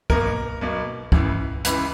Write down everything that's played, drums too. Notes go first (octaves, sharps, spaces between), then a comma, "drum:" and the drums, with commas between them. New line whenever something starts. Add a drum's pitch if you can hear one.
B1 B2 A#3 A#4, drum: kick
B1 B2 A#3
C#2 C#3 E3, drum: kick
C#2 C#3 E3 B4, drum: hi-hat